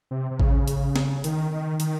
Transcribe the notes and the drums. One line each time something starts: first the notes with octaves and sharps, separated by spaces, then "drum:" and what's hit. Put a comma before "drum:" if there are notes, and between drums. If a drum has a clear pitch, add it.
C3
C3
C#3, drum: kick
drum: hi-hat
drum: snare
D#3, drum: hi-hat
D#3
D#3, drum: hi-hat